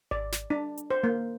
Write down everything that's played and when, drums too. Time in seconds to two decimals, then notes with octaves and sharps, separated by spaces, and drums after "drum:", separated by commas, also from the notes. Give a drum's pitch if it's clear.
0.11 D5, drum: kick G#1
0.32 drum: snare
0.50 D4
0.77 drum: hi-hat
0.90 C5
1.04 A#3